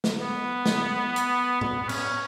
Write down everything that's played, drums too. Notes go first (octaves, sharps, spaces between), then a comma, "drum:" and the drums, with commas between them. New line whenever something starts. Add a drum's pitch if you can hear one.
drum: snare
B3
drum: snare
drum: hi-hat
B3, drum: tom A2
B3
C#4, drum: cymbal